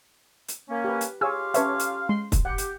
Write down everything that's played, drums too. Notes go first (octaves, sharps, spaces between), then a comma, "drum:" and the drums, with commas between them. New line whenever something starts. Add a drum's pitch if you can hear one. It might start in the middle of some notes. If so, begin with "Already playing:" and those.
drum: hi-hat
A#3 C#4
G4 B4
drum: hi-hat
F4 G4 G#4 C#5 F5 G#5 E6
C#4 A4 B4 C#5 E5, drum: hi-hat
drum: hi-hat
G#3 C6
drum: kick, hi-hat
G4 F#5
drum: hi-hat